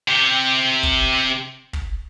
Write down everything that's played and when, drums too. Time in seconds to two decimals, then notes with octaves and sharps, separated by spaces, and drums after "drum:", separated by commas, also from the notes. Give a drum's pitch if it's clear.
0.08 C3 G4
0.83 drum: kick
1.73 drum: kick